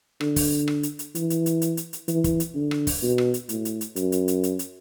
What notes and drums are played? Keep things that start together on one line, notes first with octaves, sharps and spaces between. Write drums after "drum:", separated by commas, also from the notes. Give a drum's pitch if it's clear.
D3, drum: rim click
drum: kick, open hi-hat
drum: rim click
drum: hi-hat
drum: hi-hat
E3, drum: hi-hat
drum: hi-hat
drum: hi-hat
drum: hi-hat
drum: hi-hat
drum: hi-hat
E3, drum: hi-hat
drum: kick, hi-hat
drum: hi-hat
D3
drum: rim click
drum: kick, open hi-hat
B2
drum: rim click
drum: hi-hat
A2, drum: hi-hat
drum: hi-hat
drum: hi-hat
F#2, drum: hi-hat
drum: hi-hat
drum: hi-hat
drum: hi-hat
drum: hi-hat